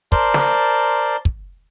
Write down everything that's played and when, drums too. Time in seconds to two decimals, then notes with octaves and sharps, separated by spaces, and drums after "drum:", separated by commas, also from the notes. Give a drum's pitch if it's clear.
0.12 A#4 C5 D5 A5 C6, drum: kick
0.34 drum: snare
1.25 drum: kick